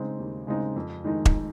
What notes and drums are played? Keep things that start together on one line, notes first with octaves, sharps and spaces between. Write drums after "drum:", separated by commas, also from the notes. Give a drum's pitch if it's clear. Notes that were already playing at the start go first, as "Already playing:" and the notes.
Already playing: C#3 G#3 C4 D#4
D#2
C#3 G#3 C4 D#4
F2
D#3 G#3 D#4
drum: kick E1